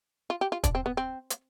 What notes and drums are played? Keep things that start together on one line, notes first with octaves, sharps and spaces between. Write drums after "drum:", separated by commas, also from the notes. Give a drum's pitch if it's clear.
F4
G4
F4
D4, drum: kick, hi-hat
C4
B3
C4
drum: hi-hat